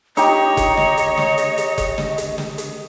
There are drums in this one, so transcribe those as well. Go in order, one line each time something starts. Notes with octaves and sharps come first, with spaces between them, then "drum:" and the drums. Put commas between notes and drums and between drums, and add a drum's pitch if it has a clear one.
D#4 G4 C#5 D#5, drum: hi-hat
drum: kick F#1, hi-hat
drum: snare
drum: hi-hat
drum: snare
drum: hi-hat
drum: hi-hat
drum: kick F#1, hi-hat
drum: snare
drum: hi-hat
drum: snare
drum: hi-hat